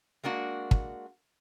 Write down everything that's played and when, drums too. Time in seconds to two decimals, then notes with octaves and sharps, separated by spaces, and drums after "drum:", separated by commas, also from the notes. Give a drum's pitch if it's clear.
0.24 G#3 A#3 D4 F#4
0.71 drum: kick